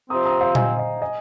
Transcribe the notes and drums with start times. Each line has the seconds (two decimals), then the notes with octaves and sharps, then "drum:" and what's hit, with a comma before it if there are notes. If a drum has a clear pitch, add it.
0.10 C3 F3 C4 A#5 D#6
0.26 A#5 D#6
0.40 C5 F5
0.55 D#5 G#5, drum: tom A#2
0.78 D#5
1.01 D#5 G#5